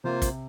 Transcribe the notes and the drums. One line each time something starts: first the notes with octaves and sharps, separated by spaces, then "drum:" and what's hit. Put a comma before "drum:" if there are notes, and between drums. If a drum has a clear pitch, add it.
C3 A#3 F4 C5
drum: kick, hi-hat